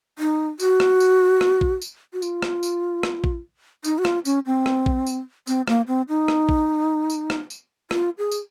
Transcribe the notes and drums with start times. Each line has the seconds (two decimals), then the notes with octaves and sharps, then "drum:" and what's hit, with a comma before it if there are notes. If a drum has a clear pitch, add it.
0.19 D#4
0.60 F#4, drum: tambourine
0.80 drum: rim click
1.00 drum: tambourine
1.41 drum: rim click
1.61 drum: kick
1.82 drum: tambourine
2.13 F#4
2.22 F4, drum: tambourine
2.42 drum: rim click
2.63 drum: tambourine
3.03 drum: rim click
3.24 drum: kick
3.84 D#4, drum: tambourine
3.98 F#4
4.05 F4, drum: rim click
4.25 C#4, drum: tambourine
4.46 C4
4.66 drum: rim click
4.86 drum: kick
5.06 drum: tambourine
5.47 C4, drum: tambourine
5.68 A#3, drum: rim click
5.88 C4
6.09 D#4
6.28 drum: rim click
6.49 drum: kick
7.10 drum: tambourine
7.30 drum: rim click
7.50 drum: tambourine
7.91 F4, drum: rim click
8.18 G#4
8.31 drum: tambourine